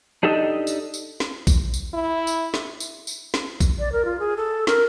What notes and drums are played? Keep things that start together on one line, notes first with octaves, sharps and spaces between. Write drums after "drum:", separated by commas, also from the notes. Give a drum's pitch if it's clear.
D4 D#4 G4 A4 D#5
drum: tambourine
drum: tambourine
drum: snare
drum: kick A#1, tambourine
drum: tambourine
E4
drum: tambourine
drum: snare
drum: tambourine
drum: tambourine
drum: snare
drum: kick A#1, tambourine
D5
A#4
F4
G#4
A4
A#4, drum: snare